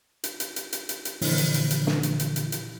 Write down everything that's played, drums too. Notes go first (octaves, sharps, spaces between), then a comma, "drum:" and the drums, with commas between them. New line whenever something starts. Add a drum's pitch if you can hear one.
drum: hi-hat
drum: hi-hat
drum: hi-hat
drum: hi-hat
drum: hi-hat
drum: hi-hat
A#2 D3 E3 F3 E4, drum: open hi-hat
drum: hi-hat
drum: hi-hat
drum: hi-hat
drum: snare
drum: hi-hat
drum: hi-hat
drum: hi-hat
drum: hi-hat